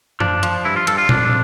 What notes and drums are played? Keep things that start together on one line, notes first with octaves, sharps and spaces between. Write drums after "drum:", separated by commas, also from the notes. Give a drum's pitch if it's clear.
F3 D4, drum: tom F#2
F3, drum: hi-hat
G2 E4
F4
G2 A4, drum: hi-hat
F4
F2 D4, drum: tom A#2